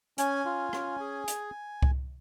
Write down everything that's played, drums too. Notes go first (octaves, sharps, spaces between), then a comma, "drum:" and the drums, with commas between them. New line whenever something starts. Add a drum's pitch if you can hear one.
C#4 G#5, drum: hi-hat
F4
C#4, drum: rim click
G#4
drum: hi-hat
drum: kick C2